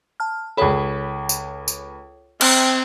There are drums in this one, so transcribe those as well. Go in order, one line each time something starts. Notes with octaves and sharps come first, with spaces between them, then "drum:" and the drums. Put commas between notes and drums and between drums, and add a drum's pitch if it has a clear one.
A5 F6
C#2 G#4 A4 C#5 B5
drum: tambourine
drum: tambourine
C4 G5 F6, drum: cymbal